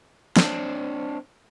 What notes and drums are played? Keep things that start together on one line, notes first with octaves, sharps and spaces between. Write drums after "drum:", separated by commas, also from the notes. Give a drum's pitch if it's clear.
C4 D4, drum: snare